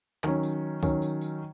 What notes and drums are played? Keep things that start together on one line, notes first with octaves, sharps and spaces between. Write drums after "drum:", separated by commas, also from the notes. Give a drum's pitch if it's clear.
D#3 F#3 C#4, drum: clap
drum: tambourine
D#3 F#3 C#4, drum: kick C2, tambourine
drum: tambourine
drum: tambourine